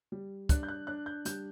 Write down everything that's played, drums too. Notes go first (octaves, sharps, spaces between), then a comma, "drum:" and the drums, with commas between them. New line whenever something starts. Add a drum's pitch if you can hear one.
G3
D4 F#6, drum: kick, hi-hat
G6
F#6
D4 F#6
G6
G3 G6, drum: hi-hat